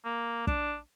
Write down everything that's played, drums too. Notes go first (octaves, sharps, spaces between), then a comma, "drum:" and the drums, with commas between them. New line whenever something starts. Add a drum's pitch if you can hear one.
A#3
D4, drum: kick